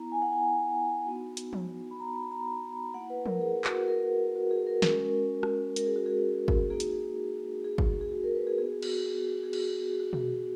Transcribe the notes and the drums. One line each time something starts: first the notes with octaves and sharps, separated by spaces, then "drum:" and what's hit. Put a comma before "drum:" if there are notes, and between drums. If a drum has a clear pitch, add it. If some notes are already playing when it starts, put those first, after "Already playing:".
Already playing: B3 E4 A#5
G#5
F#5
G#5
B3 D#4 F#4
drum: hi-hat
drum: tom F3
B5
A#5
B5
A#5
A#3 E4 F#5
B4
A#4, drum: tom F3
G#4
F#4, drum: clap
A#4
F#4
G#4
A#4
G#3 C#4 F#4 A#4, drum: snare
drum: rim click
A#4, drum: hi-hat
G#4
F#4
G#4
drum: kick
A#3 D#4 F#4 G#4
drum: hi-hat
G#4
drum: kick
G#4
F#4
A#4
B4
G#4
B3 F#4 G#4
G#4
F#4, drum: cymbal
G#4
G#4
F#4, drum: cymbal
G#4
F#4
drum: tom B2